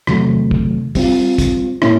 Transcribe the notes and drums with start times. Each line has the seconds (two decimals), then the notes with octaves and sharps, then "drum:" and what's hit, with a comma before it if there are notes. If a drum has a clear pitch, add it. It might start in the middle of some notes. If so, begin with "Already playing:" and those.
0.07 E2 C3 D#3 F#3 A3, drum: rim click
0.51 drum: kick
0.95 G3 C4 F4, drum: kick, open hi-hat
1.38 drum: kick, hi-hat
1.82 A2 A#3 C#4 E4, drum: rim click